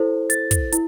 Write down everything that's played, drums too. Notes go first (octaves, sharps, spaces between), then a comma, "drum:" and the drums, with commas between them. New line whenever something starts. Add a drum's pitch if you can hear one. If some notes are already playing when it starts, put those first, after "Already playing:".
Already playing: E4 A4 C5
A6, drum: hi-hat
drum: kick, hi-hat
E4, drum: hi-hat